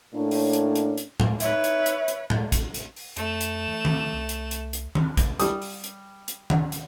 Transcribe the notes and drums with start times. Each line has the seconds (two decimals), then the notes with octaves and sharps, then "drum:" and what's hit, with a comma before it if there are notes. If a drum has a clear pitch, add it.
0.14 A2 A#3 C#4 D4
0.31 drum: open hi-hat
0.53 drum: hi-hat
0.75 drum: hi-hat
0.98 drum: hi-hat
1.20 drum: tom A2
1.40 D#4 B4 C#5 E5, drum: hi-hat
1.64 drum: hi-hat
1.86 drum: hi-hat
2.08 drum: hi-hat
2.30 drum: tom A2
2.52 drum: kick, hi-hat
2.74 drum: hi-hat
2.96 drum: open hi-hat
3.17 F2 A3 E7, drum: hi-hat
3.41 drum: hi-hat
3.67 E3
3.85 drum: tom D#3
4.13 C2
4.29 drum: hi-hat
4.51 drum: hi-hat
4.73 drum: hi-hat
4.95 drum: tom D#3
5.17 drum: kick, hi-hat
5.40 G3 D#6, drum: hi-hat
5.62 drum: open hi-hat
5.84 drum: hi-hat
6.28 drum: hi-hat
6.50 drum: tom D#3
6.72 drum: hi-hat